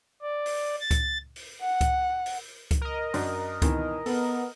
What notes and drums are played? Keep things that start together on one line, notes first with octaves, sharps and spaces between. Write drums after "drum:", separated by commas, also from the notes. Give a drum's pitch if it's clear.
D5
drum: open hi-hat
A6
drum: kick C#2, hi-hat
drum: open hi-hat
F#5
drum: kick C#2, hi-hat
drum: open hi-hat
drum: kick C#2, hi-hat
A#4 D#5
F#2 D4, drum: open hi-hat
B2 D#3 E3, drum: kick C#2, hi-hat
B3 A4, drum: open hi-hat